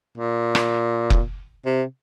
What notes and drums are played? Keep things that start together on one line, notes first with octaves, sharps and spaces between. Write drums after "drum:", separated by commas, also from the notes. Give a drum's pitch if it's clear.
A#2
drum: rim click
drum: kick F1
C3